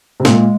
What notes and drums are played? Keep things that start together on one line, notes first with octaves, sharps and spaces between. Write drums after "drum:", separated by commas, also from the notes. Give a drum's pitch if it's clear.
C3
A#2 G#3, drum: snare